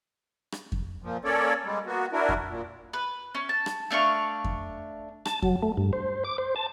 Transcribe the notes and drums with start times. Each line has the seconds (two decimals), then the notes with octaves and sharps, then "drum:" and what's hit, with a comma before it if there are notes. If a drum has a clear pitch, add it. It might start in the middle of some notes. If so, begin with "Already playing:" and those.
0.52 drum: rim click
0.72 drum: kick F2
1.02 A#2 F3
1.25 A#3 C#4 A4 C#5 D5
1.65 G3 G#3
1.86 A#3 B3 F#4
2.12 D4 E4 F#4 A#4
2.29 drum: kick F2
2.47 A#2
2.93 B4
3.35 C#4
3.49 A5
3.66 drum: rim click
3.91 A3 D4 F5 C#6
4.44 drum: kick F2
5.25 A5, drum: rim click
5.42 F#3, drum: kick F2
5.63 A3
5.77 G2
5.93 C5
6.25 D6
6.38 C5
6.56 A5